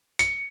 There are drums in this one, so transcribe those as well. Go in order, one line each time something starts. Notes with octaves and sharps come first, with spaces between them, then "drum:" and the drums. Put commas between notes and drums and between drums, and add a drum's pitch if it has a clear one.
C#7, drum: hi-hat